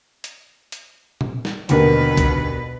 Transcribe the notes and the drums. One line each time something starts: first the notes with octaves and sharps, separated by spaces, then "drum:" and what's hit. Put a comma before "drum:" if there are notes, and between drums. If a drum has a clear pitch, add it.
drum: hi-hat
drum: hi-hat
drum: tom
drum: snare
D#2 B2 D3 A#4 B4, drum: hi-hat
drum: kick, hi-hat